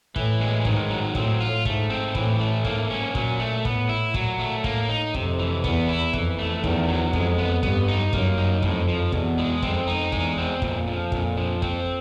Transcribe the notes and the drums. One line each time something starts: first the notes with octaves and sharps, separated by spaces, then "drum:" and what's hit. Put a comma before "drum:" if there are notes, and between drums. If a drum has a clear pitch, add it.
A2 E3, drum: kick
G#3
G#2 D#3, drum: kick
F#3
A2 C4, drum: kick
F4
G#2 A3, drum: kick
C4
A2 E3, drum: kick
A3
G#2 A#3, drum: kick
C#4
A#2 F#3, drum: kick
A3
A2 B3, drum: kick
E4
A#2 F#3, drum: kick
A3
A2 A#3, drum: kick
D#4
F2 C3, drum: kick
E3
E2 B3, drum: kick
E4
F2 E3, drum: kick
A3
E2 D#3, drum: kick
F#3
F2 G#3, drum: kick
B3
G2 B3, drum: kick
D#4
F#2 A#3, drum: kick
D#4
F2 A2, drum: kick
F3
E2 B2, drum: kick
G#3
F2 C4, drum: kick
D#4
E2 G#3, drum: kick
C4
F2 A#2, drum: kick
F3
F2 A#2, drum: kick
F3
C4, drum: kick